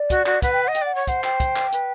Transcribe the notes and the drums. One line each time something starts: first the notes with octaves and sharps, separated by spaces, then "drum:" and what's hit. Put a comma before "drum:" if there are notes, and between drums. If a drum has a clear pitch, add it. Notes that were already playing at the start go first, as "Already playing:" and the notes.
Already playing: D5
F#4, drum: kick, hi-hat
F#4, drum: clap
B4 F#5, drum: kick, hi-hat
G5
D#5 F#5
G5, drum: hi-hat
D5 F#5
C#5
C5 F#5, drum: kick, hi-hat
G5, drum: clap
drum: kick, hi-hat
drum: clap
B4, drum: hi-hat